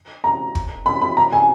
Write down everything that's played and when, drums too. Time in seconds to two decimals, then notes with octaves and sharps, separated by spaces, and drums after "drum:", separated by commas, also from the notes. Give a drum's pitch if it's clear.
0.24 A#5
0.55 drum: kick
0.86 B5
1.02 B5
1.17 A#5
1.32 G#5